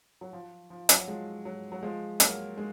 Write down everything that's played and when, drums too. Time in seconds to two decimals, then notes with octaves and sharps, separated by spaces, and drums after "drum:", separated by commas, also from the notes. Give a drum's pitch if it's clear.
0.21 F#3
0.33 F3
0.70 F3
0.89 F#3, drum: hi-hat
1.08 F3 G#3
1.45 F#3
1.72 F#3
1.82 F3 G#3
2.20 F#3 A#3, drum: hi-hat
2.57 G#3